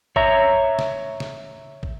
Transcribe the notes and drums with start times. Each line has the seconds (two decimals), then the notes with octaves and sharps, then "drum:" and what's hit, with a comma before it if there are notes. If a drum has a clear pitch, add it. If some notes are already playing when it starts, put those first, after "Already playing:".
0.16 C#5 E5 A#5, drum: kick
0.79 drum: snare
1.20 drum: snare
1.83 drum: kick